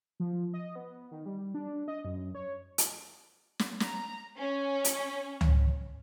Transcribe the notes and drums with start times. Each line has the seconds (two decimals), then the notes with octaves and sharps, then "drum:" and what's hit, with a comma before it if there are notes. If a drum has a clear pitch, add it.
0.20 F3
0.54 D#5
0.76 B3
1.11 D#3
1.26 G3
1.54 D4
1.88 D#5
2.05 F#2
2.35 C#5
2.78 drum: hi-hat
3.59 drum: snare
3.80 A#5, drum: snare
4.38 C#4
4.85 drum: hi-hat
5.41 drum: tom C#2